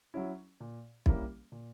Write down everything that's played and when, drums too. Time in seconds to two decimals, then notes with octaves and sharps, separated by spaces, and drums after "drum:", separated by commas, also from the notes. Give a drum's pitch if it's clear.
0.14 F#3 C#4 E4
0.60 A#2
1.06 G3 A#3 C#4 E4, drum: kick
1.52 A#2